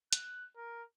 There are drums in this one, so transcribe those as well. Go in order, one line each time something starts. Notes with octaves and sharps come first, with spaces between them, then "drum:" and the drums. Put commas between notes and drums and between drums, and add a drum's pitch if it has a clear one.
F#6, drum: hi-hat
A#4